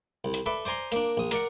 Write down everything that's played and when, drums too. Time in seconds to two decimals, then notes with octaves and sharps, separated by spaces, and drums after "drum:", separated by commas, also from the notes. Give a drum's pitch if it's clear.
0.24 C2
0.34 drum: hi-hat
0.46 A4 B4 D5 E5
0.65 C5 D5 G#5 A#5 C6
0.92 A#3 D4, drum: hi-hat
1.17 A#1 D#6
1.31 A#4 D5 F#5, drum: hi-hat